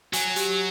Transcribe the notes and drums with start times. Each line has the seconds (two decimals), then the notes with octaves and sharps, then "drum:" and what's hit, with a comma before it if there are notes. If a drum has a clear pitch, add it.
0.13 F#3 G#5, drum: hi-hat
0.36 G4, drum: hi-hat